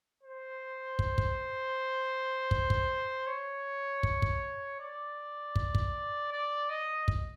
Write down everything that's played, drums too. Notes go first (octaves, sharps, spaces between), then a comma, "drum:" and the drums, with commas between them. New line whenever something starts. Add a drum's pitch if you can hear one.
C5
drum: kick
drum: kick
drum: kick
drum: kick
C#5
drum: kick
drum: kick
D5
drum: kick
drum: kick
D5
D#5
drum: kick